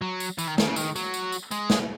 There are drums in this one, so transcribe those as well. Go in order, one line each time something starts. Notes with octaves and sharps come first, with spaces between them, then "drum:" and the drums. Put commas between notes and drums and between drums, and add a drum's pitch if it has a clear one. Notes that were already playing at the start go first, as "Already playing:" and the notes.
F#3
drum: tambourine
E3, drum: tambourine
D#3
D#3, drum: snare
C#3
D#3, drum: tambourine
F#3, drum: tambourine
drum: tambourine
drum: tambourine
G#3, drum: tambourine
drum: snare